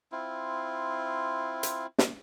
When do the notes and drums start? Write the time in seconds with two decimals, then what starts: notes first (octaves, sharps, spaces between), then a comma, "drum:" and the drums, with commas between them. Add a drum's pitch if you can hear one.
0.12 C4 E4 F4
1.63 drum: hi-hat
1.98 drum: snare